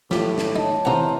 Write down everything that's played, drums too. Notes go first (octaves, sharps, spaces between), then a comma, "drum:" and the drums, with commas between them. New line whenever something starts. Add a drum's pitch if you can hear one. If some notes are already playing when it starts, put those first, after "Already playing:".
A2 F3 G4, drum: snare
drum: snare
D#4 C#5 A5
C3 E3 F4 C5 F#5 A#5